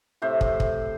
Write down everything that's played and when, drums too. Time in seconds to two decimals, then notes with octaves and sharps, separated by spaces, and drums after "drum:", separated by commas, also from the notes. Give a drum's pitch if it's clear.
0.22 A2 C3 C5 E5
0.41 drum: kick
0.60 drum: kick